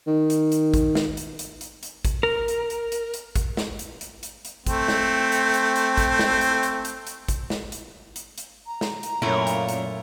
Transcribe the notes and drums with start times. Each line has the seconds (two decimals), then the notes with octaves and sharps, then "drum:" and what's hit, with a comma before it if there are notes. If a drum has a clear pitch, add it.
0.07 D#3
0.30 drum: hi-hat
0.52 drum: hi-hat
0.74 drum: kick G#1, hi-hat
0.95 drum: snare
1.17 drum: hi-hat
1.39 drum: hi-hat
1.61 drum: hi-hat
1.83 drum: hi-hat
2.05 drum: kick G#1, hi-hat
2.23 A#4
2.48 drum: hi-hat
2.70 drum: hi-hat
2.92 drum: hi-hat
3.14 drum: hi-hat
3.36 drum: kick G#1, hi-hat
3.57 drum: snare
3.79 drum: hi-hat
4.01 drum: hi-hat
4.23 drum: hi-hat
4.45 drum: hi-hat
4.67 A3 C4, drum: kick G#1, hi-hat
4.88 drum: snare
5.32 drum: hi-hat
5.54 drum: hi-hat
5.76 drum: hi-hat
5.97 drum: kick G#1, hi-hat
6.19 drum: snare
6.41 drum: hi-hat
6.63 drum: hi-hat
6.85 drum: hi-hat
7.07 drum: hi-hat
7.28 drum: kick G#1, hi-hat
7.50 drum: snare
7.72 drum: hi-hat
8.16 drum: hi-hat
8.38 drum: hi-hat
8.67 A#5
8.81 drum: snare
9.03 drum: hi-hat
9.22 F#2 A#2 A3 E4 A#4 C#5
9.47 drum: hi-hat
9.69 drum: hi-hat